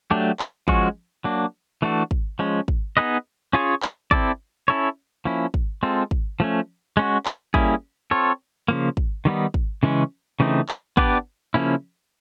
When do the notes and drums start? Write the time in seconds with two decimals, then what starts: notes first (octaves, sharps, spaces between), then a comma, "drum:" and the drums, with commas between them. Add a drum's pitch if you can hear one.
0.11 F#3 A3 D4 G4
0.39 drum: clap
0.68 F3 G#3 C#4 F#4, drum: kick
1.24 F#3 A#3 D4
1.82 E3 A3 D4 F#4
2.11 drum: kick
2.39 F3 G#3 C#4
2.68 drum: kick
2.97 B3 D#4 G#4 B4 D#5
3.53 C#4 F4 G#4 C#5
3.82 drum: clap
4.11 C4 E4 A4 D5, drum: kick
4.68 C#4 E4 A4 C#5
5.25 F3 A#3 C#4 E4
5.54 drum: kick
5.83 G#3 C4 F4 A4
6.11 drum: kick
6.40 F3 A3 C#4
6.97 G#3 C#4 F#4
7.25 drum: clap
7.54 G3 A#3 C#4 E4 G#4, drum: kick
8.11 C4 F4 A4 C#5
8.68 C#3 F3 A#3
8.97 drum: kick
9.25 D#3 G3 B3 D#4
9.54 drum: kick
9.83 C#3 E3 G#3 C#4
10.40 C#3 E3 A3 C4 D#4
10.69 drum: clap
10.97 B3 D4 G4 B4 D5, drum: kick
11.54 C#3 F3 A#3 C#4 E4